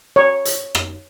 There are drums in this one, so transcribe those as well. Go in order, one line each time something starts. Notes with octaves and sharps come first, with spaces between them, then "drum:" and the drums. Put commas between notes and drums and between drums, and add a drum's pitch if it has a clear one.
C#5
drum: hi-hat
drum: rim click